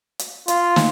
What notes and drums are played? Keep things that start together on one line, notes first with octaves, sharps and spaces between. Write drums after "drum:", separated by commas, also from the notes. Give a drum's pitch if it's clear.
drum: hi-hat
F4, drum: hi-hat
drum: snare